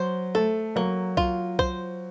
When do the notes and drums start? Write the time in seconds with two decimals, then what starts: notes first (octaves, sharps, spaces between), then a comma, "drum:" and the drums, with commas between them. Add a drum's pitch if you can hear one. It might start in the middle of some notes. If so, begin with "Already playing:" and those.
Already playing: F#3 C5
0.35 A3 A4
0.76 F#3 A#3
1.17 F4, drum: kick B1
1.59 C5, drum: kick B1